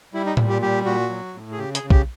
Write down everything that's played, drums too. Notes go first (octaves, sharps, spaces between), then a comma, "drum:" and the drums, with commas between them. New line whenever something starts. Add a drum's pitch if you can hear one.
G3 E4
D#4
A#2, drum: tom A2
G4
G3 G4
A#2 F#4
F#3
A2
G#4
C#3 G4
G#4, drum: hi-hat
C#3
G4, drum: kick